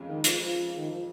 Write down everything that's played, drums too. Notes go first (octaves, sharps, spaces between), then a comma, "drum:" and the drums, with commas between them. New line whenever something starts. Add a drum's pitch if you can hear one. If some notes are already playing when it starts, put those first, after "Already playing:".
Already playing: F2 C#3 G#3 F4
D#3
F3, drum: hi-hat
F3
D#3
F3